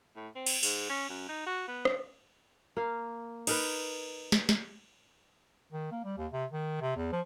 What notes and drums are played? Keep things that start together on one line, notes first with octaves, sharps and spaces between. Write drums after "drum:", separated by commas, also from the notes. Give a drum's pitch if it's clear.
A2
C4
drum: cymbal
G#2, drum: open hi-hat
C#4
F#2
D#4
F#4
B3
drum: rim click
A#3 F5
D#4 A#4 B4, drum: cymbal
drum: snare
drum: snare
D#3
A#3
G3
D#2
C3
D#3
C3
E2
F3